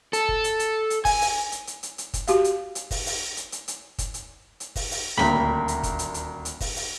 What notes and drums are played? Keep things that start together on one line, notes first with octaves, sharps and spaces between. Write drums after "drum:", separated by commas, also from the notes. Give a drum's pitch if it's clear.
A4, drum: hi-hat
drum: kick
drum: hi-hat
drum: hi-hat
drum: hi-hat
G#5, drum: kick, open hi-hat
drum: open hi-hat
drum: hi-hat
drum: hi-hat
drum: hi-hat
drum: hi-hat
drum: kick, hi-hat
F#4 G4 F5, drum: hi-hat
drum: hi-hat
drum: hi-hat
drum: kick, open hi-hat
drum: open hi-hat
drum: hi-hat
drum: hi-hat
drum: hi-hat
drum: kick, hi-hat
drum: hi-hat
drum: hi-hat
drum: kick, open hi-hat
drum: open hi-hat
D#1 D2 A#4 B5
drum: hi-hat
drum: kick, hi-hat
drum: hi-hat
drum: hi-hat
drum: hi-hat
drum: kick, open hi-hat
drum: open hi-hat